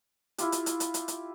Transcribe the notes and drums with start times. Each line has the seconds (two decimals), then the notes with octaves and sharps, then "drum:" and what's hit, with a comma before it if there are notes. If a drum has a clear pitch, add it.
0.38 E4 F4 G4, drum: hi-hat
0.52 drum: hi-hat
0.66 drum: hi-hat
0.80 drum: hi-hat
0.94 drum: hi-hat
1.08 drum: hi-hat